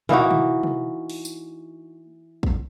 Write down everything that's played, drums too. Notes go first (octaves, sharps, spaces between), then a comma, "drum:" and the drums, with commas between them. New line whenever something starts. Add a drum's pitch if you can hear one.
E3 A#3 D#4 F#4, drum: tom
drum: tom
drum: tom
drum: open hi-hat
drum: tambourine
drum: kick